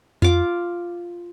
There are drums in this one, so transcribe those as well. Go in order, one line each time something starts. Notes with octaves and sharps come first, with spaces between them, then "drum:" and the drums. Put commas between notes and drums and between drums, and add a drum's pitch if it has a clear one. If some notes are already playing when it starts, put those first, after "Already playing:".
F4 D6, drum: tom F2